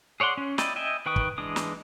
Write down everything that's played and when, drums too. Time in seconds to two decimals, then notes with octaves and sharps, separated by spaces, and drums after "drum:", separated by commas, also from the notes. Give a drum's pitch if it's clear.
0.20 G#4 C#5 D5 F#5 C6
0.37 C#4
0.58 E4 D5 D#5 G5, drum: snare
0.76 D#5 E5 G5 G#5
1.06 D#3 B4 G5 C#6 D#6
1.16 drum: kick
1.38 E3 G#3 D4 D#6
1.56 drum: snare